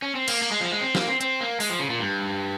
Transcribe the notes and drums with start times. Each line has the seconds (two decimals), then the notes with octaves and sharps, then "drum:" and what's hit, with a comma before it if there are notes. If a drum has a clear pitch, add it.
0.02 C#4
0.15 C4
0.28 A#3, drum: cymbal
0.42 A#3
0.51 G#3
0.61 F3
0.72 G#3
0.81 C4
0.95 A#3, drum: snare
1.07 C4
1.21 C4, drum: hi-hat
1.41 A#3
1.60 G#3, drum: open hi-hat
1.69 F3
1.79 C#3
1.90 A#2
1.99 G2